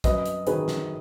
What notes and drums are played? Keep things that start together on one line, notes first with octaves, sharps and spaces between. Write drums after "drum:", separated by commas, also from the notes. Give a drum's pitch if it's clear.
F#2 B4 D#5, drum: kick, hi-hat
drum: hi-hat
D#3 F#3 G#4 B4, drum: hi-hat
drum: snare